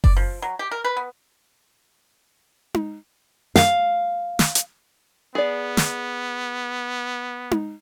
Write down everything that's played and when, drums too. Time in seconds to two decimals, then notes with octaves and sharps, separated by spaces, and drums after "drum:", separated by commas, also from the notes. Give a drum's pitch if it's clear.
0.04 D5, drum: kick F#1
0.17 F3
0.42 F#3
0.59 G4
0.71 A#4
0.84 B4
0.97 B3
2.74 drum: tom D#4
3.56 F5, drum: snare
4.39 drum: snare
4.55 drum: hi-hat
5.35 B3 G#4 D5
5.77 drum: snare
7.51 drum: tom D#4